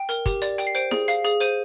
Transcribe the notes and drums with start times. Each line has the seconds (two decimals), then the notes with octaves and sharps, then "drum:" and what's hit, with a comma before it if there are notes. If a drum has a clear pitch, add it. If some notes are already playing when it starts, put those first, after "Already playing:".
Already playing: G5
0.09 A#4, drum: hi-hat
0.26 G4, drum: kick, hi-hat
0.42 D5, drum: hi-hat
0.58 G5, drum: hi-hat
0.67 C7
0.75 C5 D7, drum: hi-hat
0.91 G#4, drum: snare E4
1.08 F5 C7, drum: hi-hat
1.24 G#4, drum: hi-hat
1.40 C5 D#7, drum: hi-hat